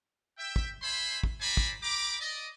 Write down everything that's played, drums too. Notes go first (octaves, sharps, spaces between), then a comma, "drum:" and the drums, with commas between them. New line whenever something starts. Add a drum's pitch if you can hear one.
E5 G5
drum: kick
C5 E5 G#5 B5 C6
drum: kick
E4 C5 D5 G#5 A#5 B5
drum: kick
G4 A#5 B5 D6
D5 D#5